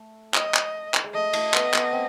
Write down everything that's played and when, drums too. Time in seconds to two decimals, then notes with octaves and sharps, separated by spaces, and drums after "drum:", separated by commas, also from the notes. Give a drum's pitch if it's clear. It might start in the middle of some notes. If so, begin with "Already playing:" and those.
Already playing: A3
0.34 D#5, drum: clap
0.54 drum: clap
0.94 drum: clap
1.04 G#3
1.14 A3 D#5
1.33 A3, drum: cymbal
1.54 B3, drum: clap
1.74 B3, drum: clap
1.93 C4